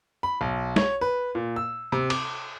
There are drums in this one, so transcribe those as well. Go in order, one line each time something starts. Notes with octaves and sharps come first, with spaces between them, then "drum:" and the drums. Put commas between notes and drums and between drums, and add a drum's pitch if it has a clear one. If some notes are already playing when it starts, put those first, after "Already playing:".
B5
B1
C#5, drum: snare
B4
A#2
E6
C3
D6, drum: cymbal